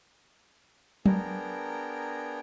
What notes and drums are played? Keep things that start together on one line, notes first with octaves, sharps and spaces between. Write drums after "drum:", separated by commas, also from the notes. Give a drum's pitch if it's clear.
B3 D4 G#4 A#4 G5 A#5, drum: tom F#3